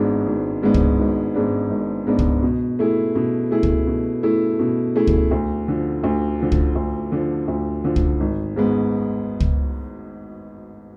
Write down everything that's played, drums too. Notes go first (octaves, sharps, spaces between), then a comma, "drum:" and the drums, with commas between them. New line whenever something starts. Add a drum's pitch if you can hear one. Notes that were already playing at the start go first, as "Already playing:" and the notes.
Already playing: G#1 G#2 G#3 B3 D4
G#1
G#2 G#3 B3 D4
drum: kick
G#1
G#2 G#3 B3 D4
G#1
G#2 G#3 B3 D4
drum: kick
B2
A3 E4 G#4
B2
A3 E4 G#4
drum: kick
B2
A3 E4 G#4
B2
A3 E4 G#4
drum: kick
D2
D3 F3
D2
D3 F3
drum: kick
D2
D3 F3
D2
D3 F3
drum: kick
G#1
G#2 G#3 B3
drum: kick